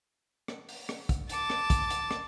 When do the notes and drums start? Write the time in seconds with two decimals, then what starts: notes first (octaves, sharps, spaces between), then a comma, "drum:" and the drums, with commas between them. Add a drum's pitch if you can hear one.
0.48 drum: rim click
0.69 drum: open hi-hat
0.89 drum: rim click
1.09 drum: kick, hi-hat
1.29 A5 D6, drum: hi-hat
1.50 drum: rim click
1.70 drum: kick, hi-hat
1.90 drum: hi-hat
2.11 drum: rim click